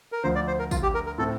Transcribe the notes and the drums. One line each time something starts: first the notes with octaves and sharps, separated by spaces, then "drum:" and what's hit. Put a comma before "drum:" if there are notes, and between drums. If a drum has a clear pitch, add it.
A#4
D2 D3 F3 C5
D5
C5
A#4
F4, drum: kick, tambourine
G4
A#4
A#4
A2 A3 C4 A4